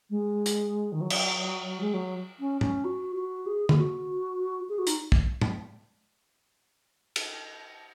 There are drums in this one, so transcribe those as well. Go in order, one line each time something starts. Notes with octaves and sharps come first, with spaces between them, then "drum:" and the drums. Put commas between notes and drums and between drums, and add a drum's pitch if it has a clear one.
G#3
drum: hi-hat
D#3
F#3
drum: cymbal
G#3
F#3
C#4
C#4, drum: tom A2
F#4
F#4
G#4
G#4, drum: tom
F#4
G#4
F#4
D#4, drum: hi-hat
drum: kick
drum: tom A2
drum: cymbal